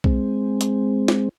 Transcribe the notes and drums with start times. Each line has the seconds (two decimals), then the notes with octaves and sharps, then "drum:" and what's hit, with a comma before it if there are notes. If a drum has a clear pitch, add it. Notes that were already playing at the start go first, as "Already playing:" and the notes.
0.04 G#3 C4, drum: kick B1
0.61 drum: hi-hat
1.08 drum: snare